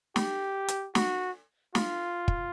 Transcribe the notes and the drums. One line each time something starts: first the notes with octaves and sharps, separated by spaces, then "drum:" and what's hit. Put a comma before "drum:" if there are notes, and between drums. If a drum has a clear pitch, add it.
G4, drum: snare
drum: hi-hat
F#4, drum: snare
F4, drum: snare
drum: kick